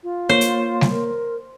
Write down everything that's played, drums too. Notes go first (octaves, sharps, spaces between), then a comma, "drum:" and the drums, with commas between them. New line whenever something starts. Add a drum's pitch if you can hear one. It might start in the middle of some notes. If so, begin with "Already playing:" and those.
F4
A#3 C5 C#5
drum: hi-hat
drum: snare
A#4